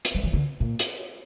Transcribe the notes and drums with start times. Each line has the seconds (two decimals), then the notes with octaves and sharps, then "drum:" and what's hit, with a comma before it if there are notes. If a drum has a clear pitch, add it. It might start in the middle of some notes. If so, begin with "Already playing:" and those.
0.05 drum: hi-hat
0.15 G3
0.24 E3
0.33 D3
0.60 A#2
0.79 drum: hi-hat